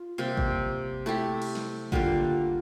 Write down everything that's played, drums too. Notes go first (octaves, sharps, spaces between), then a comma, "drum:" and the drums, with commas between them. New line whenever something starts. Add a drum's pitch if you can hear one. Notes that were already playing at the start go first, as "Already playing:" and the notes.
Already playing: F4
C3 G3 A#3
drum: kick G#1
A3 E4 G4
drum: cymbal
drum: snare
D3 G3 A#3 F4, drum: kick G#1